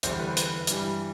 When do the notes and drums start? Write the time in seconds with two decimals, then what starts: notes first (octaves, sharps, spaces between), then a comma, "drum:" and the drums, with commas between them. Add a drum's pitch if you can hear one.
0.03 E2 D3 G3 C5, drum: hi-hat
0.20 B4
0.28 C5
0.37 B4, drum: hi-hat
0.67 G2 E3 G3, drum: hi-hat